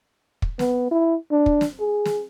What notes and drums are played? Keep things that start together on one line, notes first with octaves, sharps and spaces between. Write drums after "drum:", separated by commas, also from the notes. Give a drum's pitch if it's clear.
drum: kick
B3, drum: snare
E4
D4
drum: kick
drum: snare
G#4
drum: snare